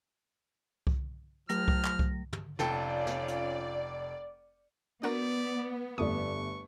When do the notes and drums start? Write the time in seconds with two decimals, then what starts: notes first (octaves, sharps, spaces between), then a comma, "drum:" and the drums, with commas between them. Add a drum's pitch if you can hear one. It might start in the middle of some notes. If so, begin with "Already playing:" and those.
0.87 drum: kick C2
1.49 F3 F#3 A3 F6 A#6, drum: hi-hat
1.68 drum: kick C2
1.85 drum: clap
1.99 drum: kick C2
2.33 drum: tom
2.59 F1 C#4 F4 A4 D5 G5, drum: snare
3.07 drum: snare
3.28 drum: hi-hat
5.03 B3 D4 F#4 A#4 D5, drum: cymbal
5.98 G1 F2 A3 D5 C#6 D#6